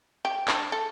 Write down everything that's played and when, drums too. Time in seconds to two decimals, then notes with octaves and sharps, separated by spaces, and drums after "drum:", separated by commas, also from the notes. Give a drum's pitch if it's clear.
0.25 G4
0.48 D4, drum: clap
0.72 A4